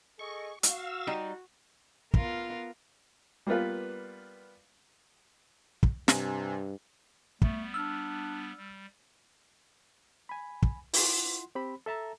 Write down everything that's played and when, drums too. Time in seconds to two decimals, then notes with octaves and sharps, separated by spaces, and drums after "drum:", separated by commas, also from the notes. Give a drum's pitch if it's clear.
0.19 G#4 A4 D#5 C#6
0.63 F#4 F5 E6, drum: hi-hat
1.07 G3 D#4 G4
2.14 B3 F4 A#4, drum: kick
3.47 G3 A#3 B3 F4 B4
5.83 drum: kick
6.08 G2 C3 G#5, drum: snare
7.42 G3 A3 B3, drum: kick
7.74 D4 E6 F6
8.57 G3
10.29 G#5 B5
10.62 drum: kick
10.93 E4 F4 F#5 C6, drum: open hi-hat
11.55 C4 G4 C5 B5
11.86 A4 E5 A5 A#5